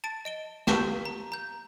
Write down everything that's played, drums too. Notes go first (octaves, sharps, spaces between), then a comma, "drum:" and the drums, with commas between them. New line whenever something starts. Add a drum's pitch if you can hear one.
A5 A6 D7
D#5 D7 G7
G4 F5 A5 C#6 G6 B6, drum: snare
A#5
A#5 G6